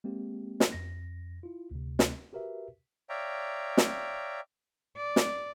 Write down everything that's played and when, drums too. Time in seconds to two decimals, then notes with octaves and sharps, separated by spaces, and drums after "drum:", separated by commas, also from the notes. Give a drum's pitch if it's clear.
0.04 G#3 A#3 C4 G4
0.60 drum: snare
0.72 F2 A#6
1.43 E4 F4
1.71 D2 C3
1.99 drum: snare
2.33 F#4 G4 A#4 B4 E5
3.09 C#5 D5 E5 F5 G5 A#5
3.77 drum: snare
4.96 D5
5.16 drum: snare